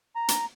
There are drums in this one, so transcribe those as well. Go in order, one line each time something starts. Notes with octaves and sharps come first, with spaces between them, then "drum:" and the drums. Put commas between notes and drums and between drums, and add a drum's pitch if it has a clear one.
A#5
drum: hi-hat